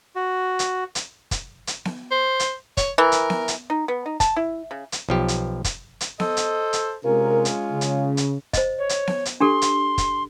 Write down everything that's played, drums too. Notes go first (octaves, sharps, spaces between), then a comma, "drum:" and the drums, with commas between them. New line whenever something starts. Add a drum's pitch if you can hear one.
F#4
drum: hi-hat
drum: hi-hat
drum: kick, hi-hat
drum: hi-hat
drum: snare B3
C5
drum: hi-hat
C#5, drum: kick, hi-hat
E3 A#4
drum: hi-hat
drum: snare B3
drum: hi-hat
D#4
B3
D#4
A5, drum: kick, hi-hat
E4
C#3
drum: hi-hat
B1 F3 G4
drum: hi-hat
drum: kick, hi-hat
drum: hi-hat
A4 C5 D#5, drum: snare B3
drum: hi-hat
drum: hi-hat
C3 G#3 C#4 F4 A#4
drum: hi-hat
C#3
drum: hi-hat
drum: hi-hat
C5 D#5, drum: kick, hi-hat
C#5
drum: hi-hat
drum: snare B3
drum: hi-hat
D4 G4 A4 C6
drum: hi-hat
drum: kick, hi-hat